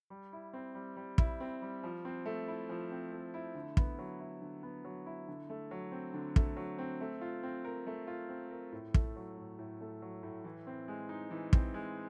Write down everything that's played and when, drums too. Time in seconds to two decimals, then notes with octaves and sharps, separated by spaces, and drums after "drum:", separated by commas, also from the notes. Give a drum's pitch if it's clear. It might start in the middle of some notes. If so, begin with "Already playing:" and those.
0.10 G3
0.33 E4
0.53 C4
0.75 G3
0.96 G3
1.18 E4, drum: kick
1.40 C4
1.62 G3
1.83 F3
2.05 C4
2.26 A3
2.48 E4
2.69 F3
2.91 C4
3.12 A3
3.34 E4
3.55 D3
3.77 B3, drum: kick
3.99 F#3
4.20 E4
4.42 D3
4.63 B3
4.84 F#3
5.06 E4
5.28 D3
5.50 A3
5.71 F#3
5.92 C4
6.14 D3
6.36 A3, drum: kick
6.56 F#3
6.78 C4
7.01 A3
7.21 F4
7.43 C4
7.65 A#4
7.87 A3
8.07 F4
8.29 C4
8.51 A#4
8.72 A2
8.94 A3, drum: kick
9.16 F#3
9.38 A2
9.59 A2
9.81 A3
10.02 F#3
10.23 A2
10.44 E3
10.67 C4
10.88 G#3
11.09 D#4
11.31 E3
11.53 C4, drum: kick
11.74 G#3